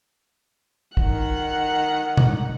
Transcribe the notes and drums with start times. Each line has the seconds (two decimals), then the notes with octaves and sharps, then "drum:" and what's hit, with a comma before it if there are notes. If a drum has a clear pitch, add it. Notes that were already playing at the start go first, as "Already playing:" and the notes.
0.97 D#3 F#5, drum: kick
2.17 drum: tom B2